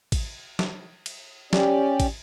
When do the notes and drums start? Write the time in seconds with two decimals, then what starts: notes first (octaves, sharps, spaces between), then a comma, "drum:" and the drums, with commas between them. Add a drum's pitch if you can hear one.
0.12 drum: kick A1, cymbal
0.59 drum: snare
1.06 drum: cymbal
1.53 C#4 G4 D5, drum: snare
2.00 drum: kick A1, cymbal